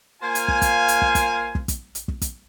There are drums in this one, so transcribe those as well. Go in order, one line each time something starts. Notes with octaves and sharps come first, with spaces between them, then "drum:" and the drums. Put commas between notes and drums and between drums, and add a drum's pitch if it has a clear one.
A#3 F4 C5 F5 G#5
drum: hi-hat
drum: kick
drum: kick, hi-hat
drum: hi-hat
drum: kick
drum: kick, hi-hat
drum: kick
drum: kick, hi-hat
drum: hi-hat
drum: kick
drum: kick, hi-hat